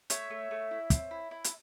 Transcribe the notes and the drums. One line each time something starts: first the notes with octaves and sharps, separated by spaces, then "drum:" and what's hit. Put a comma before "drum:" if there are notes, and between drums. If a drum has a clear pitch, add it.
A3 C#5 E5, drum: hi-hat
A3
A3
E4
C4, drum: kick, hi-hat
E4
E4
drum: hi-hat